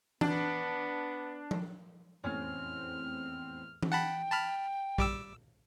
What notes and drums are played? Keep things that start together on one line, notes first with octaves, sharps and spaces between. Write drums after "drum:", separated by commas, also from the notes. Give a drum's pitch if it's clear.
B3 D4, drum: tom E3
drum: tom F3
F1 E2 A2 C4 C#4 F6
drum: tom E3
F#5 G5 A5 B5
A5 B5 F6
G3 D6 E6, drum: kick A#1